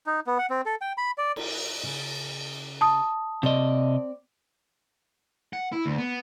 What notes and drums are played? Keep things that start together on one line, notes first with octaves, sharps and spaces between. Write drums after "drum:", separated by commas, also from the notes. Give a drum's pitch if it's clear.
D#4
B3
F#5
C4
A4
G5
B5
D5
drum: cymbal
C#3
A5 D#6
C3 C4 D5 D#5
F#5
E4
D2
B3